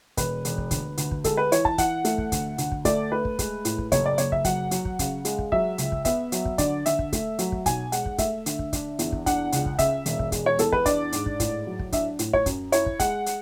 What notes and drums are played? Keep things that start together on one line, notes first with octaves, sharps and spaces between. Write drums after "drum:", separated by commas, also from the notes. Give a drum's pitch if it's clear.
E1 B4, drum: kick, hi-hat
E1, drum: hi-hat
drum: kick
D2, drum: kick, hi-hat
D2, drum: hi-hat
drum: kick
G#3 A4, drum: kick, hi-hat
B4
E3 C#5, drum: hi-hat
A5, drum: kick
E3 F#5, drum: kick, hi-hat
A3, drum: hi-hat
drum: kick
D2, drum: kick, hi-hat
D2, drum: hi-hat
drum: kick
A3 D5, drum: kick, hi-hat
A3 B4
drum: kick
G#3, drum: kick, hi-hat
A2, drum: hi-hat
drum: kick
F#1 C#5, drum: kick, hi-hat
D5
F#1 C#5, drum: hi-hat
E5, drum: kick
F#3 F#5, drum: kick, hi-hat
F#3, drum: hi-hat
drum: kick
C#3, drum: kick, hi-hat
G#3, drum: hi-hat
drum: kick
F#3 E5, drum: kick
C#2, drum: hi-hat
drum: kick
B3 E5, drum: kick, hi-hat
F#3, drum: hi-hat
drum: kick
D3 D5, drum: kick, hi-hat
D3 E5, drum: hi-hat
drum: kick
A3, drum: kick, hi-hat
F#3, drum: hi-hat
drum: kick
B1 G#5, drum: kick, hi-hat
G#3 F#5, drum: hi-hat
drum: kick
A3 E5, drum: kick, hi-hat
D3, drum: hi-hat
drum: kick
D4, drum: kick, hi-hat
E2, drum: hi-hat
drum: kick
D4 F#5, drum: kick, hi-hat
C#2, drum: hi-hat
drum: kick
C#3 E5, drum: kick, hi-hat
E1, drum: hi-hat
drum: kick
G#3, drum: kick, hi-hat
C#5
E2 A4, drum: hi-hat
B4, drum: kick
D4 D5, drum: kick, hi-hat
G#2, drum: hi-hat
drum: kick
A2, drum: kick, hi-hat
F#3
drum: kick
D4 E5, drum: kick, hi-hat
A2, drum: hi-hat
C#5, drum: kick
F#2, drum: kick, hi-hat
E4 C#5, drum: hi-hat
drum: kick
G#3 F#5, drum: kick, hi-hat
drum: hi-hat